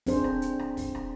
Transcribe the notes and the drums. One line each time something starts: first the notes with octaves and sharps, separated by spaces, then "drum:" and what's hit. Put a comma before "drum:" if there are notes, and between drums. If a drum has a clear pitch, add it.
C4 D4 G#4 C5, drum: kick, open hi-hat
drum: rim click
drum: hi-hat
drum: rim click
drum: kick, open hi-hat
drum: rim click